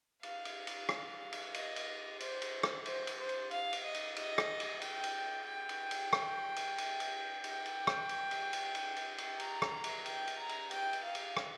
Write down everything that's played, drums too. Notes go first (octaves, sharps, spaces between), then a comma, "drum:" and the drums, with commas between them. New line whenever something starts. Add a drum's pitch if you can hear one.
F5, drum: cymbal
drum: cymbal
drum: cymbal
drum: rim click
drum: cymbal
D#5, drum: cymbal
drum: cymbal
C5, drum: cymbal
drum: cymbal
drum: rim click
C5, drum: cymbal
drum: cymbal
C5
drum: cymbal
F5, drum: cymbal
drum: cymbal
D#5
drum: cymbal
D#5, drum: cymbal
drum: rim click
drum: cymbal
G5, drum: cymbal
drum: cymbal
G5
drum: cymbal
drum: cymbal
drum: rim click
drum: cymbal
drum: cymbal
drum: cymbal
G5, drum: cymbal
drum: cymbal
drum: rim click
drum: cymbal
drum: cymbal
drum: cymbal
drum: cymbal
drum: cymbal
drum: cymbal
A#5, drum: cymbal
drum: rim click
drum: cymbal
G5, drum: cymbal
drum: cymbal
A#5
drum: cymbal
G5, drum: cymbal
drum: cymbal
F5
drum: cymbal
drum: rim click